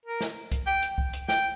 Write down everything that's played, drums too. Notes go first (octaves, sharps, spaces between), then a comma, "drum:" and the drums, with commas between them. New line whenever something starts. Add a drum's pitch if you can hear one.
A#4
drum: snare
drum: kick C2, hi-hat
G5
drum: hi-hat
drum: kick C2
drum: hi-hat
G5, drum: snare